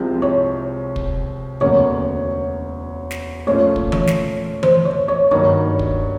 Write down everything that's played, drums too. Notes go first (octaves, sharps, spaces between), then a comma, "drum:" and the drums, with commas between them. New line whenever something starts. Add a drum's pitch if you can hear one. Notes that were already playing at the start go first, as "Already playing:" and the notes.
Already playing: C2 C3 F3 G#3
C#5
drum: kick
E1 D2 C#3 F#3 A#3 C#5
drum: snare
A#2 F3 A3 C#4 F4 C#5
drum: kick
C#5, drum: tom E3
drum: snare
C5, drum: tom E3
C#5
C#5
G2 D#3 F#3 A#3 D#4 C#5
drum: kick